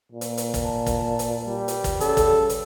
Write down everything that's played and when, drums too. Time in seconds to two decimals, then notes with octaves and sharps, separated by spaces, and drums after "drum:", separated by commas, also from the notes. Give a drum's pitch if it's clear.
0.12 A#2
0.21 drum: hi-hat
0.38 drum: hi-hat
0.54 drum: kick, hi-hat
0.65 A5
0.86 drum: kick, hi-hat
1.19 drum: hi-hat
1.47 G3
1.68 drum: hi-hat
1.84 drum: kick, hi-hat
2.01 C#3 A4, drum: hi-hat
2.17 drum: kick, hi-hat
2.49 drum: hi-hat